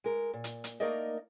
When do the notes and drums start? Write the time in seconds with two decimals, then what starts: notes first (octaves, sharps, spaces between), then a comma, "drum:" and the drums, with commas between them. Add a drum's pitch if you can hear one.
0.04 G#3 A#4
0.34 A#2
0.44 drum: hi-hat
0.64 drum: hi-hat
0.80 A3 A#3 D#4 A#4 D5 D#5